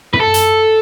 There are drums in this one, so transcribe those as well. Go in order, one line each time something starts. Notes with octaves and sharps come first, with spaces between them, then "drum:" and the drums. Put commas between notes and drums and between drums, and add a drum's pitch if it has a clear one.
B4, drum: tom
A4
drum: hi-hat